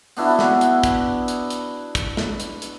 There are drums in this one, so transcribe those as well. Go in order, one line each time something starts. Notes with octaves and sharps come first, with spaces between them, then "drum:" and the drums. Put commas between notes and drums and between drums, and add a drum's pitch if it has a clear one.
B3 D4 E4 F#4, drum: open hi-hat
drum: snare
drum: hi-hat
drum: kick, hi-hat
drum: hi-hat
drum: hi-hat
drum: kick, hi-hat
drum: snare
drum: hi-hat
drum: hi-hat